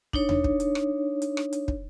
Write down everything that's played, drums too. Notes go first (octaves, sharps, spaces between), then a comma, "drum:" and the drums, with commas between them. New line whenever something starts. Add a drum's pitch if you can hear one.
D4 D#4 C#5, drum: kick
drum: tom D#2
drum: kick
drum: hi-hat
drum: rim click
drum: hi-hat
drum: rim click
drum: hi-hat
drum: kick